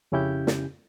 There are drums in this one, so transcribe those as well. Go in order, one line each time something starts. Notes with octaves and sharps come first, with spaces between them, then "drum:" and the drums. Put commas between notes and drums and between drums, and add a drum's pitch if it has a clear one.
F2 C#3 C#4 E4 G4 G6
drum: snare